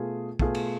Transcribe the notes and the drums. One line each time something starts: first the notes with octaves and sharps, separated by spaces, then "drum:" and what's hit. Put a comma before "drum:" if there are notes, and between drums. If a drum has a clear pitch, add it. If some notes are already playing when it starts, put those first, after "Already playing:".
Already playing: B2 A3 F4 G#4
B2 A3 F4 G#4, drum: kick
drum: cymbal